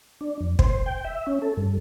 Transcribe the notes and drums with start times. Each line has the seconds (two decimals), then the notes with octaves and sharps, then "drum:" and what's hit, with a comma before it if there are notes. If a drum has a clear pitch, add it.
0.21 D4
0.41 F2
0.59 C5, drum: kick
0.86 G5
1.05 E5
1.27 C#4
1.42 A4
1.57 G2